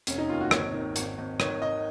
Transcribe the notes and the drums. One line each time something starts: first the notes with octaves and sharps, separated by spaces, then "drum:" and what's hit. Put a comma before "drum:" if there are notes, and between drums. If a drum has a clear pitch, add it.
F1 C#4, drum: hi-hat
D#4
D#2 F4
F#4
G#1 C#5, drum: rim click
D#3
G#1, drum: hi-hat
G#1
D#3 C#5, drum: rim click
D#3 D#5